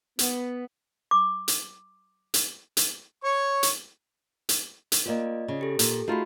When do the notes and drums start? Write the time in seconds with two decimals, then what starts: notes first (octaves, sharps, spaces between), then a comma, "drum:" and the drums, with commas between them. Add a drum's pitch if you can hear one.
0.19 B3, drum: hi-hat
1.11 D6
1.48 drum: hi-hat
2.34 drum: hi-hat
2.77 drum: hi-hat
3.24 C#5 C#6
3.63 drum: hi-hat
4.49 drum: hi-hat
4.92 drum: hi-hat
5.06 A#3 C4 F4 D5 D#5
5.48 C#3
5.61 G4 A4
5.79 A#2, drum: hi-hat
6.08 A3 D#4 F4 F#4 G#4 B5